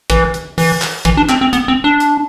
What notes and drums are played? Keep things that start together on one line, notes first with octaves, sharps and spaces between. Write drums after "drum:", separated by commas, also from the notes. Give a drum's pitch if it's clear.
E3, drum: kick, hi-hat
drum: hi-hat
E3, drum: open hi-hat
drum: clap
E3, drum: kick, hi-hat
D4
C4, drum: clap
C4
B3, drum: hi-hat
C4
D4
drum: hi-hat